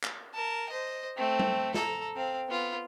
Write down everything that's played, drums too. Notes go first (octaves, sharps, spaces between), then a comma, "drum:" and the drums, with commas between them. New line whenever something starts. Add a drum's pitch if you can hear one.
drum: clap
A#4 A5
C5 D#5
A3 C4
drum: tom G3
A4 A#5, drum: snare
C4 F5
B3 F4